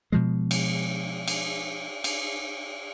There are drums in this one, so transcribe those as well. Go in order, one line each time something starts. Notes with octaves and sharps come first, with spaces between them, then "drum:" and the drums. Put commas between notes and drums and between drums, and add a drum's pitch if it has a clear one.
B2 F3 G#3
drum: cymbal
drum: cymbal
drum: cymbal